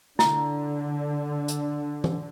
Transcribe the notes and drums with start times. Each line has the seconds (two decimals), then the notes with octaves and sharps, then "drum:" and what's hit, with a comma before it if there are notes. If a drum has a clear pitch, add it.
0.19 D3 E4, drum: snare
1.48 drum: hi-hat
2.04 drum: tom E3